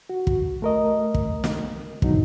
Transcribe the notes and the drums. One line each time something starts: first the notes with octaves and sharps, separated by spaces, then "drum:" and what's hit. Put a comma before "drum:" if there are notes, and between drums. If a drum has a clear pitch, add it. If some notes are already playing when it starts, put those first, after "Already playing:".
F#4
drum: kick
A3 A#4 D#5
drum: kick
drum: snare
G#2 B2 D3 F#3 D#4, drum: kick